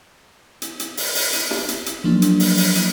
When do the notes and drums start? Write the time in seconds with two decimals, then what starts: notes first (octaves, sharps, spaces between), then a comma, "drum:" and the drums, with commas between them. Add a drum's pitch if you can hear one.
0.62 drum: hi-hat
0.80 drum: hi-hat
0.97 drum: open hi-hat
1.15 drum: open hi-hat
1.33 drum: hi-hat
1.51 drum: snare
1.69 drum: hi-hat
1.86 drum: hi-hat
2.04 F3 F#3 A#3 D4
2.22 drum: hi-hat
2.40 drum: open hi-hat
2.58 drum: open hi-hat
2.75 drum: hi-hat